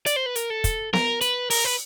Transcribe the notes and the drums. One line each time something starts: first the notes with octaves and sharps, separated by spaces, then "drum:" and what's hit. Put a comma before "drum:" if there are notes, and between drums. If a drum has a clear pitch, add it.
D5, drum: hi-hat
C5
B4
A#4, drum: hi-hat
A4
drum: kick, hi-hat
A#4, drum: snare B3
B4, drum: hi-hat
A#4, drum: open hi-hat
B4